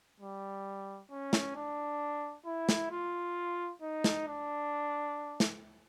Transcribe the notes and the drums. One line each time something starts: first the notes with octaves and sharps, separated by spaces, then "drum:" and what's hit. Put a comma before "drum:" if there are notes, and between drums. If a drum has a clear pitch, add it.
G3
C#4
drum: snare
D4
E4
drum: snare
F4
D#4
drum: snare
D4
drum: snare